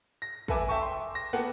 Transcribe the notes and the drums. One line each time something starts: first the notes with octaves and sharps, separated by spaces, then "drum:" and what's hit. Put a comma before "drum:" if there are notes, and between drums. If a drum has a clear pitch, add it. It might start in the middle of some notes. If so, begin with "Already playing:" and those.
A#6
A4 B4 E5 G#5 D6, drum: kick
E5 G5 A5 C#6
C6
A#6
A#3 B3 A4 F#5 G5